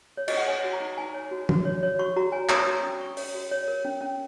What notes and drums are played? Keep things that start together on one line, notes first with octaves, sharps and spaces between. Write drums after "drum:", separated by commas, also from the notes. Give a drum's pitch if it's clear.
C#5
D#5, drum: cymbal
F#5
C#5 G#5
F#4
A#5
D#4
D#4 G#5
C#5
F#4
F#4, drum: tom
C#5
C#5
F#4 C#6
F#4 A#5
C#5 G#5
C#5 A#5, drum: clap
F#4 C#6
C#4 D#6
C#4 C#6
C#5, drum: open hi-hat
F#4
C#5
A#4
C#4
C#4